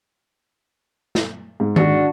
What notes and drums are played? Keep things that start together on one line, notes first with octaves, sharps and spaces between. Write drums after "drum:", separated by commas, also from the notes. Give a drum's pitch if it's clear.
drum: snare
G#2
D4 F#4, drum: tom D#3